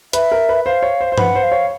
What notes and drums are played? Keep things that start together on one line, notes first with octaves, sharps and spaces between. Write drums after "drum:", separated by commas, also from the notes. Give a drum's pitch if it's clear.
B4 E5, drum: hi-hat
A#4
B4
C5 F5
C#5
C5
C5
B4 F#5, drum: tom G2
C5
F5
C#5